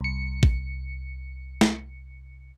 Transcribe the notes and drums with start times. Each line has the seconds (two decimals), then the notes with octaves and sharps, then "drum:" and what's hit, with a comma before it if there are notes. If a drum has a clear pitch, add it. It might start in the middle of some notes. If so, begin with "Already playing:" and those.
0.01 C2 C#7
0.43 drum: kick
1.61 drum: snare